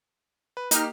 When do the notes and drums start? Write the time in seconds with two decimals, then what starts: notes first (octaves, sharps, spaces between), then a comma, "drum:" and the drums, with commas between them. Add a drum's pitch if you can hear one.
0.57 B4
0.71 A#3 D#4 G4 F6, drum: hi-hat